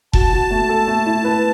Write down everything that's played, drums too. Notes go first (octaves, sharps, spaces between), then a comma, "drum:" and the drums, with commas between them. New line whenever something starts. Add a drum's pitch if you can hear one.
F#4 A5, drum: kick F1
F#4
A3
A4
A3
E4
B4